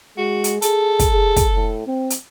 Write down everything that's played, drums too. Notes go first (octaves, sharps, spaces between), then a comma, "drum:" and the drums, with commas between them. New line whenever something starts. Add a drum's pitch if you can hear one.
G#3 F#4
drum: hi-hat
G#4 A4, drum: hi-hat
drum: kick, hi-hat
G#4
drum: kick, hi-hat
A2
C4
drum: hi-hat